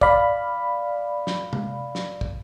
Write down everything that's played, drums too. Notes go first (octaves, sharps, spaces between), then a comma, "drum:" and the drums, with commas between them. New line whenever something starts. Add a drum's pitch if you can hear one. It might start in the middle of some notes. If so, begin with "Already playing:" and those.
D5 F5 B5, drum: kick
drum: snare
drum: tom C3
drum: snare
drum: kick